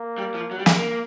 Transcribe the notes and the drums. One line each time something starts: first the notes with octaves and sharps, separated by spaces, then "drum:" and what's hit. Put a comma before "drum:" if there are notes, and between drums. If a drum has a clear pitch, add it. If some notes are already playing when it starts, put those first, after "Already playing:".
Already playing: A#3
G3
F3
F#3
G3
G#3, drum: snare
A#3